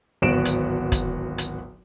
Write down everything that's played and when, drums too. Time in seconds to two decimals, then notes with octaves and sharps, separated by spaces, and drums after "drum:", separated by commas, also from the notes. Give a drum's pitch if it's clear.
0.22 D1 G#1 B3 F#4 D7 E7
0.45 drum: hi-hat
0.92 drum: kick, hi-hat
1.38 drum: hi-hat